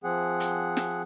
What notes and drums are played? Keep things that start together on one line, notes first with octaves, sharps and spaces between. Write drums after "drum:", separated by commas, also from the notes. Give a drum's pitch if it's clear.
F3 C4 G#4 F#5
drum: hi-hat
drum: snare